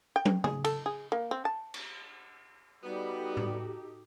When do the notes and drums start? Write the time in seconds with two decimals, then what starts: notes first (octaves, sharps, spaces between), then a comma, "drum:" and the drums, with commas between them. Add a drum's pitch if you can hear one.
0.16 G5
0.25 drum: tom
0.44 G#4, drum: tom
0.64 A4, drum: cymbal
0.86 G#4
1.12 A#3
1.31 C4
1.45 A5
1.74 drum: cymbal
2.84 G3 B3 D#4 F#4 G4 A4
3.37 drum: tom A2